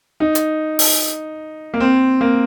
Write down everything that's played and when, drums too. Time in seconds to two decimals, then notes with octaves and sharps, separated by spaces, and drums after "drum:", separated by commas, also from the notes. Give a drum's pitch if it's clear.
0.20 D#4
0.35 drum: hi-hat
0.79 drum: open hi-hat
1.74 A#3
1.80 C4
2.21 A#3